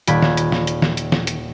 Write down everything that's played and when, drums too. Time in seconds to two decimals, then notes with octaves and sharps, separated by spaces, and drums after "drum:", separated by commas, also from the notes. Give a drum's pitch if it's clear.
0.07 D#1 D5 B5 G#6 B6, drum: hi-hat
0.22 drum: snare
0.37 drum: hi-hat
0.52 drum: snare
0.67 drum: hi-hat
0.82 drum: snare
0.97 drum: hi-hat
1.12 drum: snare
1.27 drum: hi-hat